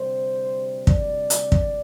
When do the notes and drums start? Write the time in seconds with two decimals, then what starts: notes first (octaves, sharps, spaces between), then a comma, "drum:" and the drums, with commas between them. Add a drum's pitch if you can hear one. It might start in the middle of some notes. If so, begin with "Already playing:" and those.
Already playing: D2 C3 G3 C5
0.87 D5, drum: kick
1.30 drum: hi-hat
1.52 drum: kick